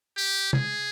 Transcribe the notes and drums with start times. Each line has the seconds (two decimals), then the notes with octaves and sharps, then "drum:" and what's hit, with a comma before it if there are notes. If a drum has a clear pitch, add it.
0.17 G4
0.53 G#4, drum: tom